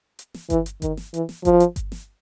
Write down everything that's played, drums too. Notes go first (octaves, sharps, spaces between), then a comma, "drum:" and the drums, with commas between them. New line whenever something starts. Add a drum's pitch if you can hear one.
drum: hi-hat
drum: snare
E3, drum: kick G1, hi-hat
drum: hi-hat
D#3, drum: kick G1, hi-hat
drum: snare
E3, drum: hi-hat
drum: snare
F3, drum: kick G1, hi-hat
drum: hi-hat
drum: kick G1, hi-hat
drum: snare